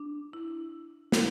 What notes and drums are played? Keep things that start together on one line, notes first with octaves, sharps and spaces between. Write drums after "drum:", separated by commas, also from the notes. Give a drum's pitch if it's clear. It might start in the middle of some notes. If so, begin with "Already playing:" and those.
Already playing: D4
E4
E4, drum: snare